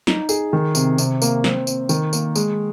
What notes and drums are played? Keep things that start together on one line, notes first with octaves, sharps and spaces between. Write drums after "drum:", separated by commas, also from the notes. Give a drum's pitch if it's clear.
D#4, drum: snare
G#4, drum: tambourine
D#3
C3, drum: tambourine
C3, drum: tambourine
A#3, drum: tambourine
C4, drum: snare
C4, drum: tambourine
D#3, drum: tambourine
A#3, drum: tambourine
G#3, drum: tambourine